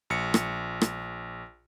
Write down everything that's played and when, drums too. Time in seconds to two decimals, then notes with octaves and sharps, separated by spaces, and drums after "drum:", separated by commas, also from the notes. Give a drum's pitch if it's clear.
0.10 A#1 C#7
0.34 drum: rim click
0.81 drum: rim click